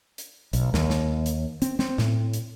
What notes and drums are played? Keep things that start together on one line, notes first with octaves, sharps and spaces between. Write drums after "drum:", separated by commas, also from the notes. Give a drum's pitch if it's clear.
drum: hi-hat
B1, drum: hi-hat
D#2, drum: snare
drum: snare
drum: hi-hat
C4, drum: hi-hat
C4, drum: snare
A2, drum: snare
drum: hi-hat